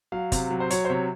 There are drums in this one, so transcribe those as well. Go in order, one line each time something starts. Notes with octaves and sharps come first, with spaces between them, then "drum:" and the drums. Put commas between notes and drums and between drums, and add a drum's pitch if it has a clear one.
F#3 F5
C3, drum: kick, hi-hat
F#3
C5
F#3 C#5, drum: hi-hat
C5
C3 C#5